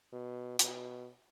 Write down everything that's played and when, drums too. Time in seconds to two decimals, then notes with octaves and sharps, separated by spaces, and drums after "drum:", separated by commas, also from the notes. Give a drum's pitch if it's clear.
0.13 B2
0.59 B2, drum: hi-hat